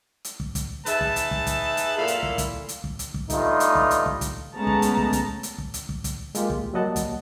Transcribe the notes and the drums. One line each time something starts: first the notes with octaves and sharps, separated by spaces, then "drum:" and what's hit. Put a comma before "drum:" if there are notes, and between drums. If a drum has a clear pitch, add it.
drum: hi-hat
drum: kick
drum: kick, hi-hat
D#4 G#4 B4 E5 A5, drum: hi-hat
drum: kick
drum: hi-hat
drum: kick
drum: kick, hi-hat
drum: hi-hat
F#2 A#2 E4 A4 F5
drum: hi-hat
drum: kick
drum: kick, hi-hat
drum: hi-hat
drum: kick
drum: hi-hat
drum: kick
G2 A3 D#4 F4, drum: kick, hi-hat
drum: hi-hat
drum: kick
drum: hi-hat
drum: kick
drum: kick, hi-hat
G#3 A3 B3 C#4 A5 A#5
drum: kick
drum: hi-hat
drum: kick
drum: kick, hi-hat
drum: hi-hat
drum: kick
drum: hi-hat
drum: kick
drum: kick, hi-hat
G#3 A#3 F4 G4, drum: hi-hat
drum: kick
F#3 G3 A#3 D#5 F#5 A5
drum: kick, hi-hat